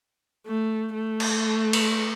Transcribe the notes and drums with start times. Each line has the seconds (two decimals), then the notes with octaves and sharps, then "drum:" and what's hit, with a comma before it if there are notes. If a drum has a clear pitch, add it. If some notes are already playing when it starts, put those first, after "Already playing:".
0.47 A3
0.94 A3
1.20 drum: cymbal
1.73 drum: cymbal